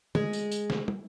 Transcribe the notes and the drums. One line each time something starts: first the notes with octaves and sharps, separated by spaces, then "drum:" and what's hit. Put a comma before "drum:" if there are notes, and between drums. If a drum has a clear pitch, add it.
G#3, drum: tom
drum: tambourine
drum: tambourine
drum: snare
drum: tom